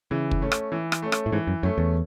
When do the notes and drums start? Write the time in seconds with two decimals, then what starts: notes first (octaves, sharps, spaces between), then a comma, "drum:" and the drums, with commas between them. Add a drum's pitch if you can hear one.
0.11 C#3 E3
0.31 drum: kick
0.42 A3 C#4
0.52 drum: rim click
0.72 E3
0.92 drum: rim click
1.02 A3 C#4
1.12 drum: rim click
1.26 A2
1.32 G#2 E3
1.47 F#2
1.63 F#2 A3 C#4
1.78 E2